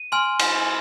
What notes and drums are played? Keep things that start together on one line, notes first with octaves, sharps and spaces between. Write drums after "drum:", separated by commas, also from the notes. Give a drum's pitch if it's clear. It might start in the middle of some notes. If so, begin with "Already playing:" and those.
Already playing: D#7
G#5 C6 F6
drum: cymbal